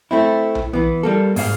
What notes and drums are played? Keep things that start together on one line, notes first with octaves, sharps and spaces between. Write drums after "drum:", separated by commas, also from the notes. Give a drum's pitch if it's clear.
A3 C4 E4
drum: tom B1
E3 B3
G3 A#3 A4
G#2 A#3 F5, drum: open hi-hat